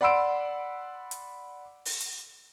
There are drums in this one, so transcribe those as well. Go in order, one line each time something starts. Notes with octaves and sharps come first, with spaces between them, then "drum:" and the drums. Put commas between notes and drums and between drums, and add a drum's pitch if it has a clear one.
D5 F#5 B5 C6 E6 D7
drum: hi-hat
drum: open hi-hat
drum: hi-hat